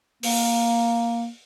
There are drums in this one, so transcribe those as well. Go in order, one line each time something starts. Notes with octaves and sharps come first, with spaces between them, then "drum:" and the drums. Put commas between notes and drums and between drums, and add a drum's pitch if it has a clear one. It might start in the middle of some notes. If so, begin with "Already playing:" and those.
A#3, drum: open hi-hat